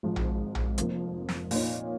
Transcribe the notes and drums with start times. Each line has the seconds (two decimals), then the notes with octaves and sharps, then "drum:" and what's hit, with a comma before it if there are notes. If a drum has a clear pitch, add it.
0.03 G#1 G#2 F3
0.16 drum: tom A#1
0.55 drum: tom A#1
0.78 F1 F2 F3 A#3, drum: hi-hat
1.29 drum: snare
1.51 A#2 A#3 D#4 C#5, drum: open hi-hat